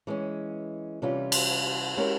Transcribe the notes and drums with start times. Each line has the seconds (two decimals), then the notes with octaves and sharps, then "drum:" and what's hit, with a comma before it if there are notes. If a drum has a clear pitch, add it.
0.07 E3 G#3 C#4
1.02 C3 E3 G3 C#4 F4
1.32 drum: cymbal
1.97 G#3 C#4 E4 G4 A#4